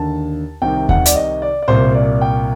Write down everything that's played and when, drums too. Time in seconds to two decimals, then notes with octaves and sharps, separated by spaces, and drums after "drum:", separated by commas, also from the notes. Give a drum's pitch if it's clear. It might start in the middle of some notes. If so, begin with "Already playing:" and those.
Already playing: D#2 D3 A5
0.62 C2 C3 D#3 G5
0.89 F#5, drum: kick D#2
1.06 D5, drum: hi-hat
1.16 D#5
1.42 D5
1.62 D5
1.68 C2 A#2 C5
1.94 D5
2.22 G5